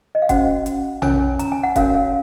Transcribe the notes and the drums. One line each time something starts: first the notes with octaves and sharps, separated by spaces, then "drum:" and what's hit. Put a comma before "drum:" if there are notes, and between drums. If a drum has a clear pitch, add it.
D#5
F5
C#4 F#4 C5 F#5, drum: kick, hi-hat
drum: hi-hat
C#4 F4 A#4 C#5 G#5, drum: tom A#1
A#5, drum: hi-hat
G#5
F#5
C#4 F#4 A#4 C#5 F5, drum: kick, hi-hat
F5